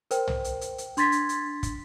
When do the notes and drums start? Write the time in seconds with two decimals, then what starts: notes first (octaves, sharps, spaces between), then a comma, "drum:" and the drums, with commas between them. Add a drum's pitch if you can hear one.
0.11 A#4 C5 G5, drum: hi-hat
0.28 drum: tom
0.44 drum: hi-hat
0.61 drum: hi-hat
0.78 drum: hi-hat
0.97 D4 C6 G#6 A6 B6, drum: hi-hat
1.12 drum: hi-hat
1.29 drum: hi-hat
1.63 drum: kick, hi-hat